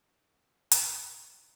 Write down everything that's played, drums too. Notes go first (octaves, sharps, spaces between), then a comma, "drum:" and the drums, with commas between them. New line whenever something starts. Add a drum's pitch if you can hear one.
F#2 G5 B6
drum: hi-hat